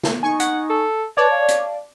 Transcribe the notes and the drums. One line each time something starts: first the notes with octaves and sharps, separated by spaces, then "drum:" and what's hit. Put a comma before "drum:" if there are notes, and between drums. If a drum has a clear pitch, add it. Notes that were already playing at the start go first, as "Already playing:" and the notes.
drum: snare
D#4 G#5 C#6
F#5, drum: hi-hat
A4
B4 C#5 D5 A5 D6
F5
drum: hi-hat